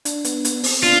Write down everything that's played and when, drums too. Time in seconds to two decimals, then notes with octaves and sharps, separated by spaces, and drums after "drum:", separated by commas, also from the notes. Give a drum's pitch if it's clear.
0.05 D4, drum: hi-hat
0.25 B3, drum: hi-hat
0.45 B3, drum: hi-hat
0.63 C4, drum: open hi-hat
0.83 D4 F4